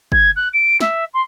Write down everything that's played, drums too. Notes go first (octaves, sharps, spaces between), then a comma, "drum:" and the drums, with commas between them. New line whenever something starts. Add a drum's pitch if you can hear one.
G#6, drum: kick
F#6
D7
E5, drum: snare
C6